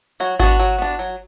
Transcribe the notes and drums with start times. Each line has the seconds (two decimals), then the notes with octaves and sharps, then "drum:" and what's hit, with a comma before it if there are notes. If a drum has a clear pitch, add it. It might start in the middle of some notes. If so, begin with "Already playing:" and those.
0.20 F#3 F#4
0.39 B3 D4 F#4, drum: kick G#1
0.59 F#3
0.78 B3 D4
0.99 F#3